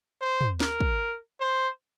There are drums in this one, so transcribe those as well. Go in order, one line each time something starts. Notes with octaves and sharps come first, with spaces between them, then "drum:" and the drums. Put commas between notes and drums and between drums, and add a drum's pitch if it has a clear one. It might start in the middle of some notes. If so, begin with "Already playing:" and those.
C5
drum: tom
A#4, drum: snare
drum: kick
C5